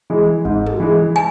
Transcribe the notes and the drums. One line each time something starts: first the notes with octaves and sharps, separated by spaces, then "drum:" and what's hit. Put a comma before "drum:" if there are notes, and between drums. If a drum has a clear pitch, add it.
E3 G#3
G#2, drum: kick F#1
drum: tom
E3 G#3
G#5